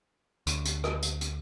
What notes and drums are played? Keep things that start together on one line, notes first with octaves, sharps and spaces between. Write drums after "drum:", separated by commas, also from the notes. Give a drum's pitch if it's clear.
D2, drum: hi-hat
drum: hi-hat
drum: rim click
drum: hi-hat
drum: hi-hat